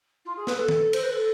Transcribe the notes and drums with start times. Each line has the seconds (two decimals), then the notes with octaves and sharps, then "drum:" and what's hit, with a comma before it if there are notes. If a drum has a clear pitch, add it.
0.25 F4
0.36 G#4
0.47 B4, drum: snare
0.58 A4
0.68 drum: tom D#3
0.93 C5, drum: cymbal
1.03 B4
1.12 A4